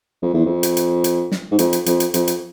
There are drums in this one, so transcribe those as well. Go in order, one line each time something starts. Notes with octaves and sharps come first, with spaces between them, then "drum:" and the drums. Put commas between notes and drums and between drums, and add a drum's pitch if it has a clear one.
F2
E2
F2
drum: hi-hat
drum: hi-hat
drum: hi-hat
drum: snare
G#2
F2, drum: hi-hat
drum: hi-hat
F2, drum: hi-hat
drum: hi-hat
F2, drum: hi-hat
drum: hi-hat